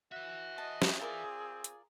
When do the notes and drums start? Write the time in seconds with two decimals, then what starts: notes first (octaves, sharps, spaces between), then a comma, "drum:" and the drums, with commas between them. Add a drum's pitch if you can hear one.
0.12 F#4 B4 E5
0.58 D#5 A5
0.82 drum: snare
1.00 C4 F4 G#4 A#4 D5
1.64 drum: hi-hat